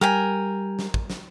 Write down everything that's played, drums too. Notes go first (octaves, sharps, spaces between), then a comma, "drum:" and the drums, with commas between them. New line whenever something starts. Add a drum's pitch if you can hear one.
G3 A#4 G5 G#5
drum: snare
drum: kick
drum: snare